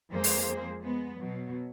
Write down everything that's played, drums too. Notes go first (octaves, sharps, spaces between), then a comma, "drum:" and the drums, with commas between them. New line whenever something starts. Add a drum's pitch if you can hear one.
F2 G#3 A#3 C4 G#4 C5
drum: open hi-hat
G#3 B3
B2 F#3